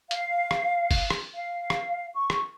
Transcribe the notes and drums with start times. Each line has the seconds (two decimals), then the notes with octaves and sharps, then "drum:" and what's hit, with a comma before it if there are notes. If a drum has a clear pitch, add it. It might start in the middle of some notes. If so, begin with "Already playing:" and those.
0.11 F5, drum: hi-hat
0.51 drum: rim click
0.91 drum: kick, open hi-hat
1.10 drum: rim click
1.34 F5
1.70 drum: rim click
2.14 C#6
2.30 drum: rim click